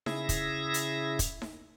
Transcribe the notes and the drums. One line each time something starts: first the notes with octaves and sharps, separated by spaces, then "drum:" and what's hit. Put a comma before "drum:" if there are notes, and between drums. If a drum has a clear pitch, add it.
C#3 E4 G#4 E5 A#6, drum: snare D#4
drum: kick, hi-hat
drum: hi-hat
drum: kick, hi-hat
drum: snare D#4